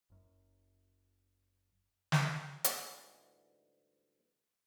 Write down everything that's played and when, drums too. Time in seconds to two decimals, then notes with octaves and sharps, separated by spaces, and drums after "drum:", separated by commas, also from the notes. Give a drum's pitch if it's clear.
0.10 F#1 F#2
2.12 drum: snare
2.64 D2 G#2 E3 G3 G#3, drum: hi-hat